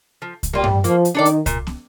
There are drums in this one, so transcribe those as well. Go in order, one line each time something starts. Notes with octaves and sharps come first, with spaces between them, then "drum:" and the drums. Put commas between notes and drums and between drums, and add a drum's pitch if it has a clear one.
F3
drum: kick C2, hi-hat
G3 A#3 F4
drum: tom G2
F3 A#3, drum: hi-hat
drum: hi-hat
D#3 D4 A4 D5
drum: hi-hat
A#2, drum: kick C2, hi-hat
drum: snare